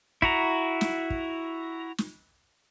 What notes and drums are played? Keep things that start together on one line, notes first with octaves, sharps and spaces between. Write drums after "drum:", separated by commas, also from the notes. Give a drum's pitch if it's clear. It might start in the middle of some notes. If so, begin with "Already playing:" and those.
E4 F#4 A#5, drum: kick
drum: snare
drum: kick
drum: snare